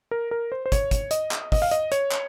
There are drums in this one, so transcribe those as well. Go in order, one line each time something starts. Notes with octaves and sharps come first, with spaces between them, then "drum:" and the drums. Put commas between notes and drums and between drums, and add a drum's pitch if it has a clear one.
A#4
A#4
C5
C5
C#5, drum: kick, hi-hat
drum: kick, hi-hat
D#5, drum: hi-hat
drum: clap
D#5, drum: kick, open hi-hat
F5
D#5, drum: hi-hat
C#5, drum: hi-hat
drum: clap